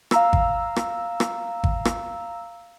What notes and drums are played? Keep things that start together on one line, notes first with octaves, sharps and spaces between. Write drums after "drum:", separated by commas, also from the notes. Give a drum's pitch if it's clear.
F5 A#5 E6, drum: rim click
drum: kick G#1
drum: rim click
drum: rim click
drum: kick G#1
drum: rim click